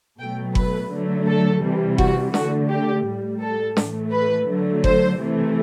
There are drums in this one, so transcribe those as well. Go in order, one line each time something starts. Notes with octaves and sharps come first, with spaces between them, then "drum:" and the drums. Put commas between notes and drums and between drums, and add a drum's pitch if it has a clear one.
B2 F#3 A3 G5
B4, drum: kick F#1
D3 F#3 A3
A4
C3 E3 G3
F#4, drum: kick F#1
D3 A3 F#4, drum: snare
G4
A2 G3
A4
A2 E3 A3, drum: snare
B4
D3 F#3 A3
C5, drum: kick F#1
C3 E3 A3